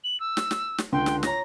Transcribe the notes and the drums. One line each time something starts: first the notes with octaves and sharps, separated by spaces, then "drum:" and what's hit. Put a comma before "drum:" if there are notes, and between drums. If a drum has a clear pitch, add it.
F#7
E6
drum: snare
drum: snare
drum: snare
C#2 D3 G5 C6
drum: snare
C#5 A#5 A#6, drum: snare